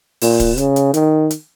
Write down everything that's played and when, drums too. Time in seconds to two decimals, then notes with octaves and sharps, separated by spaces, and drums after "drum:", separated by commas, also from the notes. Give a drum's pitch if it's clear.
0.22 A#2, drum: open hi-hat
0.40 drum: kick, hi-hat
0.58 C#3, drum: hi-hat
0.76 drum: hi-hat
0.94 D#3, drum: hi-hat
1.31 drum: hi-hat